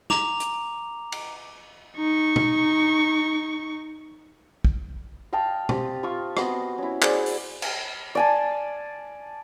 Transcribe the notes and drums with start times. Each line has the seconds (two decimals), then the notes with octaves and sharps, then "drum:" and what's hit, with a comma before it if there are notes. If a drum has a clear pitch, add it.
0.10 A#5 D6 F7, drum: snare
0.40 drum: hi-hat
1.12 drum: cymbal
1.97 D#4 C#6
2.36 drum: tom B2
4.65 drum: kick
5.33 D#5 F5 G5 A5
5.69 C4 G4, drum: tom B2
6.03 F4 G5 C#6 D#6
6.37 B3 C4 F#4 D#5, drum: rim click
6.78 C#4 E4
7.02 G#4 C5 D5, drum: clap
7.26 drum: open hi-hat
7.62 drum: cymbal
8.15 D5 G#5 A5